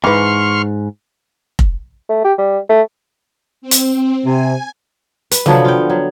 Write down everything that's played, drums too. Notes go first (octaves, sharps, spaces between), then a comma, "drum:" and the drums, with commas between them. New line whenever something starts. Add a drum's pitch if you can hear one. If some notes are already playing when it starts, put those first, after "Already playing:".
E2 G#2 E3 B4 C6 C#6 F6
drum: kick F1
A3
G4
G3
A3
C4
drum: hi-hat
C3 G#5
B4, drum: hi-hat
D3 F3 F#3 B3, drum: tom
F4 G5
F#3